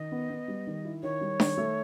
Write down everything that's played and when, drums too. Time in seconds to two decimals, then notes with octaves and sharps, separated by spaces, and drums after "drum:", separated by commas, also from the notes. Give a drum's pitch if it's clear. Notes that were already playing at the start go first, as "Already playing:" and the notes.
Already playing: D#3 D#5
0.12 B3
0.30 B3
0.48 G3
0.67 D#3
0.85 E4
1.03 D#3 C#5
1.21 G3
1.40 D#3, drum: snare D4
1.57 A3